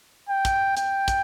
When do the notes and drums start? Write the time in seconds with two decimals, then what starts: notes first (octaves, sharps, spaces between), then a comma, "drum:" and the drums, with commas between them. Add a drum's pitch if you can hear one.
0.29 G5
0.45 drum: kick, hi-hat
0.77 G5, drum: hi-hat
1.08 drum: kick, hi-hat